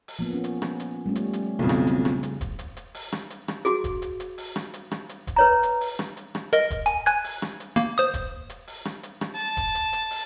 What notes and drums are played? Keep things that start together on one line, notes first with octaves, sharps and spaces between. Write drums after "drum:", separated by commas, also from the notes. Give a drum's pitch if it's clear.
drum: open hi-hat
F3 A#3 B3
C#4
drum: hi-hat
drum: rim click
drum: hi-hat
G3 A3 C#4
drum: hi-hat
drum: hi-hat
B1 F2 C#3
drum: rim click
drum: hi-hat
drum: rim click
drum: hi-hat
drum: kick E1, hi-hat
drum: hi-hat
drum: hi-hat
drum: open hi-hat
drum: rim click
drum: hi-hat
drum: rim click
F#4 G#4, drum: hi-hat
drum: kick E1, hi-hat
drum: hi-hat
drum: hi-hat
drum: open hi-hat
drum: rim click
drum: hi-hat
drum: rim click
drum: hi-hat
drum: kick E1, hi-hat
B4 C#5 A#5
drum: hi-hat
drum: open hi-hat
drum: rim click
drum: hi-hat
drum: rim click
A#4 D#5, drum: hi-hat
drum: kick E1, hi-hat
G#5, drum: hi-hat
G#5 F#6 G#6, drum: hi-hat
drum: open hi-hat
drum: rim click
drum: hi-hat
A#3, drum: rim click
C5 D#6, drum: hi-hat
drum: kick E1, hi-hat
drum: hi-hat
drum: open hi-hat
drum: rim click
drum: hi-hat
drum: rim click
A5
drum: kick E1, hi-hat
drum: hi-hat
drum: hi-hat
drum: open hi-hat